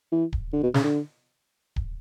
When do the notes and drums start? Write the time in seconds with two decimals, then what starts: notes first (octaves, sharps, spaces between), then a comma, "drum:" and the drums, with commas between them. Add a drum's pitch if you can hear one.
0.12 E3
0.33 drum: kick D1
0.53 D3
0.63 B2
0.74 C#3, drum: snare
0.84 D3
1.76 drum: kick D1